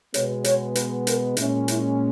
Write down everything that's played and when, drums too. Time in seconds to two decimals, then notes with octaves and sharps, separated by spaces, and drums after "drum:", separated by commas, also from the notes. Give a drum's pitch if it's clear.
0.14 B2 G#3 B3 C#5, drum: hi-hat
0.44 C#5, drum: hi-hat
0.75 B4, drum: hi-hat
1.07 A#4, drum: hi-hat
1.37 A#2 G#3 C#4 E4, drum: hi-hat
1.68 E4, drum: hi-hat